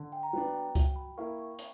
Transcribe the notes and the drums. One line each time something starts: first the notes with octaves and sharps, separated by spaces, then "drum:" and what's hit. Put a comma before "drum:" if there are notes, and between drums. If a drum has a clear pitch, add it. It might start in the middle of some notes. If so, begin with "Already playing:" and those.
Already playing: D3
G5
A#5
F#3 B3 D4 G5
G5
F#3 G5, drum: kick C#2, hi-hat
B5
A#3 E4 A#4 C#6
C#6
drum: hi-hat